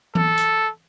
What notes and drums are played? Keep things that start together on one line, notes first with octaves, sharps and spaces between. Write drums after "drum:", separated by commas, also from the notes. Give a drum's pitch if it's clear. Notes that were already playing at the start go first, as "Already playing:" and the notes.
A4, drum: tom E3
drum: hi-hat